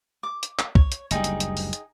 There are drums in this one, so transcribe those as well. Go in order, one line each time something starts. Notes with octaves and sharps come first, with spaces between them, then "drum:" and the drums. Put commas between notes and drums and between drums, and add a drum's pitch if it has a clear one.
D6
drum: hi-hat
drum: clap
C#5, drum: kick
drum: hi-hat
F#1 D2 G3 D#4 G#4 G5, drum: hi-hat
drum: hi-hat
drum: hi-hat
drum: open hi-hat
drum: hi-hat